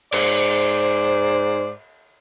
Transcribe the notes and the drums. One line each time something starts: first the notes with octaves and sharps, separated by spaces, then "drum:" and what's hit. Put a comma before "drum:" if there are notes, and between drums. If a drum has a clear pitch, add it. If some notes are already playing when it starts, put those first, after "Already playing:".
G#2 C5 D5, drum: cymbal